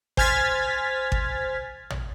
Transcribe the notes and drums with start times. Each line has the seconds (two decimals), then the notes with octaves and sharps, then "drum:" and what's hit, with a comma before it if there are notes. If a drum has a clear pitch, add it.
0.17 C5 G#5 F6 G#6 A6 B6, drum: kick G#1
1.12 drum: kick G#1
1.90 drum: tom